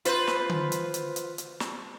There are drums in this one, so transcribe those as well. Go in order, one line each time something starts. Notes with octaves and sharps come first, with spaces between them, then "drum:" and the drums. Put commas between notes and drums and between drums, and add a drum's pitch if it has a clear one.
F4 B4 C5, drum: hi-hat
drum: snare
drum: tom D3
drum: hi-hat
drum: hi-hat
drum: hi-hat
drum: hi-hat
drum: snare